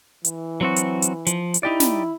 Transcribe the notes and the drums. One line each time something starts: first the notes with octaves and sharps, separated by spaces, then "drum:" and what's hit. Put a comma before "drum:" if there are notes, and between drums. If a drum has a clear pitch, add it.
E3, drum: hi-hat
F#3 C4 F#4
drum: hi-hat
drum: hi-hat
F3, drum: hi-hat
drum: hi-hat
D#4 E4 G4 D5
drum: snare